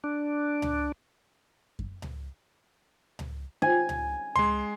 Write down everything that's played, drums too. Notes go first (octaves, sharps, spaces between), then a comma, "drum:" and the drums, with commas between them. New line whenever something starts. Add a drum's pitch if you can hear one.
D4
drum: tom C#2
drum: kick F#2
drum: tom C#2
drum: tom C#2
G#5
drum: tom C#2
G#3 C6, drum: tom C#2